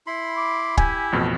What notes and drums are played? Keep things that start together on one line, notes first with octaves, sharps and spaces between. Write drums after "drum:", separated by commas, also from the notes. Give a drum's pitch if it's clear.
E4 B5 C6
D6
E4 G4 G#5, drum: kick
A1 F2 B2